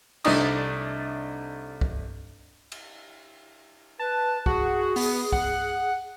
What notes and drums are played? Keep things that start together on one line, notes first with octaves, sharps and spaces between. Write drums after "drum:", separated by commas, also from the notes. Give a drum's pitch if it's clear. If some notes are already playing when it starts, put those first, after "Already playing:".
C2 A3 D4 D#4 D#6, drum: cymbal
drum: kick
drum: cymbal
B4 A5
F#4 G#4, drum: kick
B3, drum: open hi-hat
F#5, drum: kick